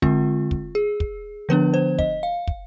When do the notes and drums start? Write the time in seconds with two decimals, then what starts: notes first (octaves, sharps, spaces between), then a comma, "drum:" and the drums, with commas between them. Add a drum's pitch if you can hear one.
0.02 D3 G#3 C4 F4, drum: kick
0.51 drum: kick
0.75 G#4
1.00 drum: kick
1.49 D3 F3 B3 D4 B4
1.74 C5
1.99 D#5, drum: kick
2.23 F5
2.47 drum: kick